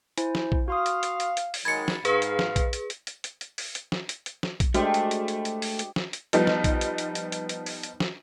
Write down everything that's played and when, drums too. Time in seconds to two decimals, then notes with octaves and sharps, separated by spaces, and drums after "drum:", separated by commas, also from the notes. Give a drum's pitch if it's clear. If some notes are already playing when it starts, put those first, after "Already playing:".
0.18 E4 C5 G#5, drum: hi-hat
0.35 drum: snare
0.52 drum: kick A#1
0.68 F#4 F5 C6 D#6
0.86 drum: hi-hat
1.03 drum: hi-hat
1.20 drum: hi-hat
1.37 drum: hi-hat
1.54 drum: open hi-hat
1.65 D#3 F#3 G#3 B5 G#6 A6 C#7
1.88 drum: snare
2.05 G#2 G#4 B4 F5, drum: hi-hat
2.22 drum: hi-hat
2.39 drum: snare
2.56 drum: kick A#1, hi-hat
2.73 drum: hi-hat
2.90 drum: hi-hat
3.07 drum: hi-hat
3.24 drum: hi-hat
3.41 drum: hi-hat
3.58 drum: open hi-hat
3.75 drum: hi-hat
3.92 drum: snare
4.09 drum: hi-hat
4.26 drum: hi-hat
4.43 drum: snare
4.60 drum: kick A#1, hi-hat
4.74 G#3 A3 D4 F#4 G4 C5 D#5 G5, drum: hi-hat
4.94 drum: hi-hat
5.11 drum: hi-hat
5.28 drum: hi-hat
5.45 drum: hi-hat
5.62 drum: open hi-hat
5.79 drum: hi-hat
5.96 drum: snare
6.13 drum: hi-hat
6.33 F3 G3 B3 D#4, drum: hi-hat
6.47 drum: snare
6.64 drum: kick A#1, hi-hat
6.81 drum: hi-hat
6.98 drum: hi-hat
7.15 drum: hi-hat
7.32 drum: hi-hat
7.49 drum: hi-hat
7.66 drum: open hi-hat
7.83 drum: hi-hat
8.00 drum: snare